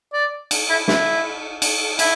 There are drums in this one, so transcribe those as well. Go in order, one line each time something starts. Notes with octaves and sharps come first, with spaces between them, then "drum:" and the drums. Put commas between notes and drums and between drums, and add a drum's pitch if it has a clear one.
D5
drum: cymbal
E4
E4, drum: snare
drum: cymbal
E4, drum: cymbal